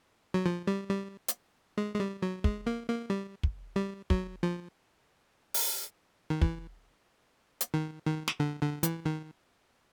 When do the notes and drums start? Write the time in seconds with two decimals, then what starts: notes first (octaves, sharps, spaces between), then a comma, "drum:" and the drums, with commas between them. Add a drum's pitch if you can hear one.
0.34 F#3
0.46 F3
0.67 G3
0.90 G3
1.28 drum: hi-hat
1.78 G#3
1.94 G#3
2.00 G3
2.22 F#3
2.44 G#3, drum: kick
2.66 A#3
2.88 A#3
3.10 G3
3.43 drum: kick
3.76 G3
4.10 F#3, drum: kick
4.43 F3
5.54 drum: open hi-hat
6.30 D#3
6.42 E3, drum: kick
7.61 drum: hi-hat
7.74 D#3
8.06 D#3
8.28 drum: snare
8.40 D3
8.62 D3
8.83 E3, drum: hi-hat
9.05 D#3